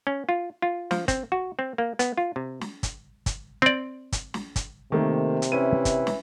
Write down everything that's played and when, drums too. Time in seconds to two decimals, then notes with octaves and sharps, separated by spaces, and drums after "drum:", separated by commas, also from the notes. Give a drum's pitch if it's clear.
0.07 C#4
0.29 F4
0.62 F4
0.91 F3, drum: snare
1.08 C4, drum: kick, hi-hat
1.32 F#4
1.59 C4
1.78 A#3
1.99 B3, drum: hi-hat
2.17 F4
2.36 C3
2.61 drum: snare
2.83 drum: kick, hi-hat
3.26 drum: kick, hi-hat
3.62 C4 D5
4.12 drum: kick, hi-hat
4.34 drum: snare
4.56 drum: kick, hi-hat
4.92 C3 D#3 A3 A#3
5.42 drum: hi-hat
5.52 E3 C#4 D#7
5.85 drum: kick, hi-hat
6.07 drum: snare